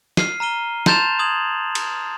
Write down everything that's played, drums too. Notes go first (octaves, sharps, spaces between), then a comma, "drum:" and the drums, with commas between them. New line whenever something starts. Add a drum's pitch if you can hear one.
F6 C7 D#7, drum: snare
A#5 F6 D#7 G7
A5 C6 G6 A6 E7 F7, drum: snare
D#6 G#6 F#7
drum: cymbal